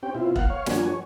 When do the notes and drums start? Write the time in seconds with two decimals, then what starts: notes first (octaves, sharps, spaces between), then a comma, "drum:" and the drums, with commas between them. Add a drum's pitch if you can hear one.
0.03 C4 C#4 G4 G5
0.15 B2 C4 E4 F4
0.36 A#3 F5 F#5, drum: kick E1
0.50 C#5 F5
0.66 G2 F3 A#3 D4 F#4 G#5, drum: snare
0.88 C#5